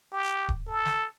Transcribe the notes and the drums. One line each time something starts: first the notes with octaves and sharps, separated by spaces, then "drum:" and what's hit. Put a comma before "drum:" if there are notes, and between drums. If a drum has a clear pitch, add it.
G4
drum: kick D1
A4
drum: snare